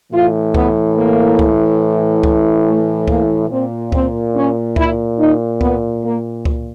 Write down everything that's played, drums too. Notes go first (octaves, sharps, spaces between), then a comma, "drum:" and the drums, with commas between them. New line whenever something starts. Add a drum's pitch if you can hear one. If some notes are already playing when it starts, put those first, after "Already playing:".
A2 E3 F4
B3, drum: kick C#2
A#3
drum: kick C#2
drum: kick C#2
A3
A#3, drum: kick C#2
A#2 C4
C4, drum: kick C#2
C#4
E4, drum: kick C#2
D#4
B3, drum: kick C#2
A#3
drum: kick C#2